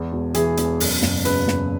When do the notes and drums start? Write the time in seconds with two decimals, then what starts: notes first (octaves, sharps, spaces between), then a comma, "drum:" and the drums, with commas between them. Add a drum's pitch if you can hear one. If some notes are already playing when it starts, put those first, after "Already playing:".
Already playing: E2 G#3
0.12 E1
0.34 E3 G#4, drum: hi-hat
0.57 E1, drum: hi-hat
0.80 F#2, drum: open hi-hat
1.02 F#1, drum: snare
1.25 C#3 B4, drum: hi-hat
1.48 F#1, drum: snare